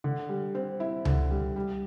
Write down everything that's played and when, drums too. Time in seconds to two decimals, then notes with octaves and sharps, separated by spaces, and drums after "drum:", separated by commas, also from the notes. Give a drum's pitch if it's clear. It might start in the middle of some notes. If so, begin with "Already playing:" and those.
0.04 D3
0.29 G3
0.55 C4
0.80 E4
1.05 D3, drum: tom C#2
1.30 G3
1.56 G3